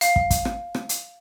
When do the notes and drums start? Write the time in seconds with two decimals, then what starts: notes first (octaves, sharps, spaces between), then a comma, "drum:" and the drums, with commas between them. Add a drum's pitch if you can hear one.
0.01 F5, drum: hi-hat
0.16 drum: kick
0.31 drum: kick, hi-hat
0.45 drum: rim click
0.75 drum: rim click
0.89 drum: hi-hat